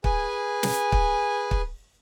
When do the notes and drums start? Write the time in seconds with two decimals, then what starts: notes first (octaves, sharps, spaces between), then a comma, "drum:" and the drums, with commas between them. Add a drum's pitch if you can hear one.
0.04 G#4 B4 G#5, drum: kick
0.63 drum: snare
0.92 drum: kick
1.51 drum: kick